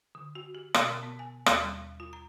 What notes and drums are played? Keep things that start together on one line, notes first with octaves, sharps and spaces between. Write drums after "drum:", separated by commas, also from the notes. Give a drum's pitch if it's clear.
D3
F#4
G4
B2, drum: rim click
A#4
B3
G#5
D#2, drum: rim click
G3
F4
A#5